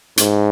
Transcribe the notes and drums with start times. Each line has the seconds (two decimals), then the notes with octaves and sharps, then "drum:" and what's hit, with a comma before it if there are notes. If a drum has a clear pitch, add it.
0.17 G#2, drum: hi-hat